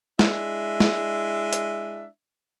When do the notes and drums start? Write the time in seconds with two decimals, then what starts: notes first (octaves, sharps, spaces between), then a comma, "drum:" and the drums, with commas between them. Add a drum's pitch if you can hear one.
0.19 G#3 D4 E4 E5, drum: snare
0.80 drum: snare
1.53 drum: hi-hat